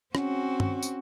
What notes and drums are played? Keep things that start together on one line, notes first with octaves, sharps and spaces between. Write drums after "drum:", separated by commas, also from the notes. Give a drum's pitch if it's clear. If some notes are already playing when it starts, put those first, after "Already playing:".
C4 C#4 F#4, drum: rim click
drum: tom G2
drum: tambourine